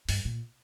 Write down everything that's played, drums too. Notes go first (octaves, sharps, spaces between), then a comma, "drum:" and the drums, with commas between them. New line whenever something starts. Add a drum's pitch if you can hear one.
G2, drum: open hi-hat
A#2